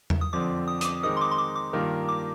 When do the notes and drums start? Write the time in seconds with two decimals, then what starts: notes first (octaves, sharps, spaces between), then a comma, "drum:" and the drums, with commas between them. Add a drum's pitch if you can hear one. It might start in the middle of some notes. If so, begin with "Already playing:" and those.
0.10 drum: tom E2
0.21 D#6
0.33 F2 D3 F3 C4 D6
0.68 D#6
0.81 D#6, drum: hi-hat
0.85 D6
1.03 D#3 G#3 C4 D#4 A#4 D#6
1.17 C6
1.21 D6
1.31 C6
1.38 D6
1.56 D6
1.73 G2 D#3 A#3 F4 A#4
2.09 D6